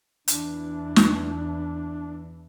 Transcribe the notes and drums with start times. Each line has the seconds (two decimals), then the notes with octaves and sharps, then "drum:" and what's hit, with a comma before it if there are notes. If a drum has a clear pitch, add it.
0.28 E2 E3 D4, drum: hi-hat
0.96 drum: snare